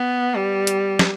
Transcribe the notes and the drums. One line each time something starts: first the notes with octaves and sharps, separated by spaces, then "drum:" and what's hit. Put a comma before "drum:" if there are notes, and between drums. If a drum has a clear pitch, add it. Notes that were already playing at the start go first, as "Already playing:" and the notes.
Already playing: B3
G3
drum: hi-hat
drum: snare